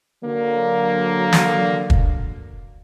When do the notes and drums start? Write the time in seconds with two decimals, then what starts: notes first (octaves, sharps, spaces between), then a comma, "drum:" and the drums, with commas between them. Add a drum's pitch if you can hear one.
0.24 D3 F#3 A#3
1.33 drum: snare
1.90 drum: kick